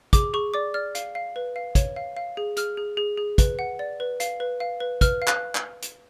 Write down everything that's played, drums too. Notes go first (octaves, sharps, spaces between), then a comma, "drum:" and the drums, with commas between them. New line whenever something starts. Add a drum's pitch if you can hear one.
G#4 D6, drum: kick, hi-hat
G#4 C#6
D5 D6
D5 F6
F5, drum: hi-hat
F5
B4
F5
C#5, drum: kick, hi-hat
F5
F5
G#4
G#4 F6, drum: hi-hat
G#4
G#4
G#4
B4, drum: kick, hi-hat
F#5
D5
B4
F5, drum: hi-hat
B4
F5
B4
B4 F6, drum: kick, hi-hat
F5
F#6, drum: clap
drum: clap
drum: hi-hat